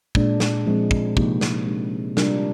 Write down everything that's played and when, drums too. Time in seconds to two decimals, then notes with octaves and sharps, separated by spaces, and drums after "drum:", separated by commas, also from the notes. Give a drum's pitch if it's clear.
0.15 A#2 G#3 D4, drum: kick
0.40 drum: snare
0.66 F3 G#3 C4
0.91 drum: kick
1.17 C3 F3 A#3 D#4 G4, drum: kick
1.41 drum: snare
1.66 G#3 D4 G4
2.17 C3 G3 D4 F4 A#4, drum: snare